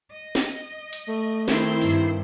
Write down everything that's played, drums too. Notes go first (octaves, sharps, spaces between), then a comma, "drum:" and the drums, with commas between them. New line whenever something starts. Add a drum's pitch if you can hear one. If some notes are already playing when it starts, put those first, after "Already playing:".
D#5
drum: snare
drum: hi-hat
A3
D#3 C4 E4 C5, drum: snare
G2, drum: open hi-hat